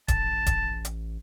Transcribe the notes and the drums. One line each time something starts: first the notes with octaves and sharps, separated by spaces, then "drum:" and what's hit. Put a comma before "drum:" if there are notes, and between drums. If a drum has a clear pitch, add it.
A1 A5, drum: kick D#1, hi-hat
drum: kick D#1, hi-hat
drum: hi-hat